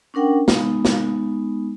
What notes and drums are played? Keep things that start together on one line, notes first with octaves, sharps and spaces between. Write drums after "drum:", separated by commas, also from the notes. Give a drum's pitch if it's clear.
C#4 D4 A#4 F#5 G5
G#3 B3 D#4, drum: snare
drum: snare